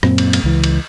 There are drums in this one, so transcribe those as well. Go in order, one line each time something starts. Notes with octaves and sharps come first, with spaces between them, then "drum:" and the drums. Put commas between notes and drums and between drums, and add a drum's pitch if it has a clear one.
F#2 A#2 C4, drum: rim click
drum: cymbal
drum: cymbal
C#2 E3
drum: cymbal